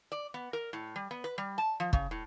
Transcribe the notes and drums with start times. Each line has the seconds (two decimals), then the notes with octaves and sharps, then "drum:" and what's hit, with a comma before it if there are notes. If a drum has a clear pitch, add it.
0.12 D5
0.34 B3
0.53 A#4
0.73 A2
0.96 G3
1.11 B3
1.24 B4
1.38 G3
1.58 A5
1.80 F3
1.93 C#3, drum: kick
2.11 A2